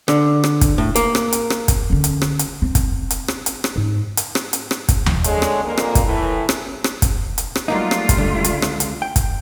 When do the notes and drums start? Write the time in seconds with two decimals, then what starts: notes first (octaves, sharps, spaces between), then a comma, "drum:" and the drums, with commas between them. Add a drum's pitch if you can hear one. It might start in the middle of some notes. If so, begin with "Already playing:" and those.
0.08 D3, drum: rim click
0.44 drum: rim click
0.61 drum: kick, hi-hat
0.78 A2
0.96 A#3, drum: hi-hat
1.15 drum: rim click
1.33 drum: hi-hat
1.50 drum: rim click
1.68 drum: kick, hi-hat
1.90 D3 C#4
2.04 drum: hi-hat
2.22 drum: rim click
2.39 drum: hi-hat
2.62 C4
2.75 drum: kick, hi-hat
3.11 drum: hi-hat
3.28 drum: rim click
3.46 drum: hi-hat
3.64 drum: rim click
3.76 G#2
4.17 drum: hi-hat
4.35 drum: rim click
4.53 drum: hi-hat
4.71 drum: rim click
4.89 drum: kick, hi-hat
5.06 drum: tom D#2
5.24 D3 G#3 C#5, drum: hi-hat
5.42 drum: rim click
5.63 F2 A#2 A#3
5.77 drum: rim click
5.95 drum: kick, hi-hat
6.06 A2 E3
6.49 drum: rim click
6.84 drum: rim click
7.02 drum: kick, hi-hat
7.38 drum: hi-hat
7.55 drum: rim click
7.68 F#3 G3 A3 A#3 D#4 F4
7.91 drum: rim click
8.09 drum: kick, hi-hat
8.18 C#2 D3
8.44 drum: hi-hat
8.62 drum: rim click
8.80 drum: hi-hat
9.02 G5
9.16 drum: kick, hi-hat